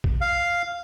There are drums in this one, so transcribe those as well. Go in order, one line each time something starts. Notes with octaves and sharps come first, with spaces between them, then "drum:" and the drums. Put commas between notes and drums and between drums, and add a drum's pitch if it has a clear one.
drum: kick
F5